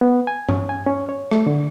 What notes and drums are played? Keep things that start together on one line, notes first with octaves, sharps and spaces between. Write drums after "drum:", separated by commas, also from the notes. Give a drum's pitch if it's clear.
B3
G#5
C#4, drum: tom G2
G#5
C#4
C#5
A3, drum: rim click
D3